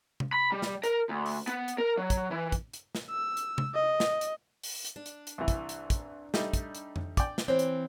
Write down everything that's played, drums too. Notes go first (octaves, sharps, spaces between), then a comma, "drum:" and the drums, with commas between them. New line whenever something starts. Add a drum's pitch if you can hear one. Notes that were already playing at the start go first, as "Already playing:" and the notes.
drum: tom C3
B5
G3
drum: snare
A#4, drum: hi-hat
D2
drum: open hi-hat
B3, drum: hi-hat
drum: hi-hat
A#4
F#3
drum: kick, hi-hat
E3
drum: kick, hi-hat
drum: hi-hat
drum: snare
E6
drum: hi-hat
drum: tom C3
D#5
drum: snare
drum: hi-hat
drum: open hi-hat
drum: hi-hat
D4
drum: hi-hat
drum: hi-hat
C2 E3
drum: kick, hi-hat
drum: hi-hat
drum: kick, hi-hat
G3 A3 D#4, drum: snare
drum: kick, hi-hat
drum: hi-hat
drum: tom F2
D5 G5, drum: kick, hi-hat
drum: snare
E3 C4 C5 C#5
drum: hi-hat